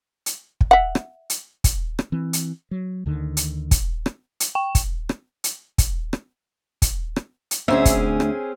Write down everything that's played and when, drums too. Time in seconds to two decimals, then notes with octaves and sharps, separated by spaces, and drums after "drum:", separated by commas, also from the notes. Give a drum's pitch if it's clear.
0.26 drum: hi-hat
0.61 drum: kick
0.71 E5 F#5
0.95 drum: rim click
1.30 drum: hi-hat
1.64 drum: kick, hi-hat
1.99 drum: rim click
2.12 E3 C4
2.33 drum: hi-hat
2.71 F#3
3.06 D2 D3 D#3
3.37 drum: hi-hat
3.71 drum: kick, hi-hat
4.06 drum: rim click
4.40 drum: hi-hat
4.55 G5
4.75 drum: kick, hi-hat
5.09 drum: rim click
5.44 drum: hi-hat
5.78 drum: kick, hi-hat
6.13 drum: rim click
6.82 drum: kick, hi-hat
7.16 drum: rim click
7.51 drum: hi-hat
7.68 D2 C4 C#4 G#4 E5
7.85 drum: kick, hi-hat
8.20 drum: rim click